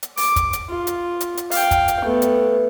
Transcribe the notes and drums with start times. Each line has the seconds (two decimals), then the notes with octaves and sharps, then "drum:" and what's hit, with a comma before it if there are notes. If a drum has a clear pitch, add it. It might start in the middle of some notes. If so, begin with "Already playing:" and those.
0.03 drum: hi-hat
0.17 D6, drum: open hi-hat
0.36 drum: kick, hi-hat
0.53 drum: hi-hat
0.69 F4
0.87 drum: hi-hat
1.21 drum: hi-hat
1.37 drum: hi-hat
1.51 F5 G5, drum: open hi-hat
1.71 drum: kick, hi-hat
1.88 drum: hi-hat
2.05 A3 B3
2.22 drum: hi-hat